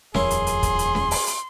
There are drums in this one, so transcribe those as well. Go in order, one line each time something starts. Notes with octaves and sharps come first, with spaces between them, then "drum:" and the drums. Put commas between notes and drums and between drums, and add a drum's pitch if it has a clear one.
D#1 F2 C#4 E4 G#4 A#4 C6, drum: snare C#4
drum: hi-hat
drum: hi-hat
drum: kick, hi-hat
drum: hi-hat
drum: snare C#4
drum: open hi-hat
drum: hi-hat